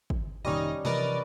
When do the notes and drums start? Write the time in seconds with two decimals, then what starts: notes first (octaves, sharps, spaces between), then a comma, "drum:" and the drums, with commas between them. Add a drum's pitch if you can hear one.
0.10 drum: kick
0.45 F1 A#2 D#3 G3 C#4 D#4 D#5
0.85 C3 E3 F3 A#4 B4 D5 D#5 B5, drum: snare